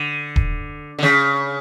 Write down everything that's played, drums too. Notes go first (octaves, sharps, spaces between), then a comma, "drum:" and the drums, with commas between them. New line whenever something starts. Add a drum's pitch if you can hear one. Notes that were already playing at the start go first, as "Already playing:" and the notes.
Already playing: D3
drum: kick D#1
D3
C#3, drum: snare